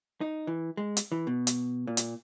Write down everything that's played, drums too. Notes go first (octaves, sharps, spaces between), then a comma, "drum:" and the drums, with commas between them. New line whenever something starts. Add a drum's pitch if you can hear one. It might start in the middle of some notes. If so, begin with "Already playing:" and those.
D#4
E3
G#3
drum: hi-hat
E3
B2
drum: hi-hat
A#2
drum: hi-hat